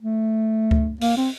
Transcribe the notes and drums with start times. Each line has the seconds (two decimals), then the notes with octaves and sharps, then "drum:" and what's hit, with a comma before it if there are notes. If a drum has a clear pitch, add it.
0.01 A3
0.71 drum: kick C#2
1.01 A#3, drum: open hi-hat
1.17 C4